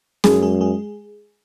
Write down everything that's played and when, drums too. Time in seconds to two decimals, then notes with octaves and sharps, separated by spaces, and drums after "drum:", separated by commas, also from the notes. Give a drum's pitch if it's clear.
0.24 F#2 G#3 G#4, drum: snare C#4
0.42 G#3 G#4
0.61 G#3 G#4